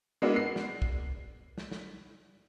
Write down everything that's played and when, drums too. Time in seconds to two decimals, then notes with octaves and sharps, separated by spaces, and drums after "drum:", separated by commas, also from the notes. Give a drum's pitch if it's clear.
0.22 G#3 A#3 B3 D4 E4 F#4
0.36 C7
0.56 drum: snare
0.82 drum: kick
1.58 drum: snare
1.72 drum: snare